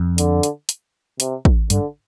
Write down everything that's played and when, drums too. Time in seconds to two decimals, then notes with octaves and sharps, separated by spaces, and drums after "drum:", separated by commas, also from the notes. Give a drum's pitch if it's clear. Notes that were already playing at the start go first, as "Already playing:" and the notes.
Already playing: F2
0.18 D3, drum: hi-hat
0.43 drum: hi-hat
0.69 drum: hi-hat
1.20 C3, drum: hi-hat
1.45 drum: kick
1.70 G2 D3, drum: hi-hat